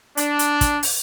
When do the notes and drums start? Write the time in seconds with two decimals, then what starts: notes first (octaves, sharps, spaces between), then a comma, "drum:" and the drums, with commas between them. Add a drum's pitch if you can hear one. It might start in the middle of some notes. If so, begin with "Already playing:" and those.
0.17 D4, drum: hi-hat
0.39 drum: hi-hat
0.61 drum: kick, hi-hat
0.83 drum: open hi-hat